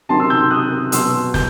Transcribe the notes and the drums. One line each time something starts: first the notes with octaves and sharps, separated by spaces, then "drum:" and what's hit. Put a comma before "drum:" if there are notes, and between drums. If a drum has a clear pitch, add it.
C3 D#3 F#3 A5 C6
C6 E6
E6 G6
D#6 F#6
B2 F#3 C6 E6, drum: hi-hat
G6, drum: snare